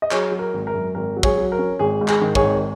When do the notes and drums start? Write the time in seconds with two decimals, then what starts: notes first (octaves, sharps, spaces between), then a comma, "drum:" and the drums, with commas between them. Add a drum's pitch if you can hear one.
0.02 D#5
0.11 F#3 G#4 C#5, drum: clap
0.32 F#3
0.39 A#4
0.54 G#1
0.67 A#4
0.74 F#2
0.95 G#1 A#4
1.16 F#3
1.23 G#4 C#5, drum: kick
1.38 F#3
1.52 A#4
1.59 C#4
1.79 G#1 G#4
2.01 G#2
2.08 G#4, drum: clap
2.21 D#3
2.35 G#4 C#5, drum: kick
2.43 G#1